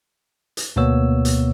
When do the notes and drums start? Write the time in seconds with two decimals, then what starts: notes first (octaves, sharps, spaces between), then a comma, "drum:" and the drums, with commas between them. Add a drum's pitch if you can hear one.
0.57 drum: hi-hat
0.76 D2 B2 A#3 B3 C#5 E6
1.25 drum: hi-hat